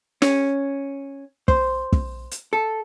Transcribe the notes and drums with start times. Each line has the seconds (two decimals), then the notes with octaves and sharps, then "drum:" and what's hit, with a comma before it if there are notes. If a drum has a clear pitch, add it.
0.22 C#4, drum: snare
1.48 C5, drum: kick
1.93 drum: kick
2.31 drum: hi-hat
2.53 A4